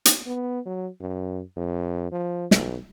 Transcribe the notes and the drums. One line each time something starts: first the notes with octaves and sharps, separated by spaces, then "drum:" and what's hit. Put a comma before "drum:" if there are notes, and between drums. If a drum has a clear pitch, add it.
drum: hi-hat
B3
F#3
F#2
F2
F3
B1, drum: snare